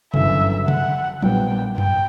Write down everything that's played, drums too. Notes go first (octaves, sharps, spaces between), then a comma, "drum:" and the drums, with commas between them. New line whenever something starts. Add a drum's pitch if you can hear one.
G1 F#2 C#3 E3 E5, drum: tom C3
F#5, drum: tom C3
A#1 A#2 G3 B3 G5, drum: tom F3
G5, drum: tom F#2